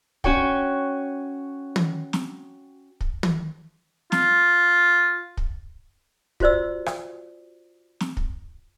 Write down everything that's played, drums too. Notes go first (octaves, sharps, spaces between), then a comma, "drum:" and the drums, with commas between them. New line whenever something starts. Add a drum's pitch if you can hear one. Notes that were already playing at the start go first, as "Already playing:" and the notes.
C#4 F#4 C#5 G5, drum: kick
drum: tom
drum: snare
drum: kick
drum: tom
F4, drum: snare
drum: kick
F4 F#4 C5 D5 E6, drum: kick
drum: rim click
drum: snare
drum: kick